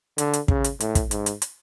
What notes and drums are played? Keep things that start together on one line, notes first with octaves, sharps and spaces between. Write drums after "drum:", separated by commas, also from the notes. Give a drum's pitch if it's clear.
D3, drum: hi-hat
drum: hi-hat
C#3, drum: kick
drum: hi-hat
A2, drum: hi-hat
drum: kick, hi-hat
G#2, drum: hi-hat
drum: hi-hat
drum: hi-hat